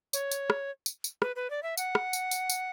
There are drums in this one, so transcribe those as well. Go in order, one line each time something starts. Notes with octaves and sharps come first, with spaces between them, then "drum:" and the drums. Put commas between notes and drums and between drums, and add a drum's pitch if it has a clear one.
C#5, drum: tambourine
drum: tambourine
drum: rim click
drum: tambourine
drum: tambourine
B4, drum: rim click
B4
D5
E5
F#5, drum: tambourine
drum: rim click
drum: tambourine
drum: tambourine
drum: tambourine